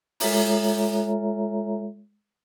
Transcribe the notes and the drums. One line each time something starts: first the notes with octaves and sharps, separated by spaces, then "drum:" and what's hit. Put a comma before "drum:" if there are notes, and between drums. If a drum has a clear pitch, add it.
G#3 F4 A4 C#5 E5 A#5, drum: open hi-hat